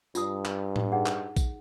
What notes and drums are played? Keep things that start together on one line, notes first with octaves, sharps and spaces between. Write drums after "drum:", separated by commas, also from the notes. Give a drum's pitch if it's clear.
G2 F4 A5 D#6, drum: tambourine
drum: clap
drum: tom A2
D#4 G#4 F#5
drum: clap
drum: kick A#1, tambourine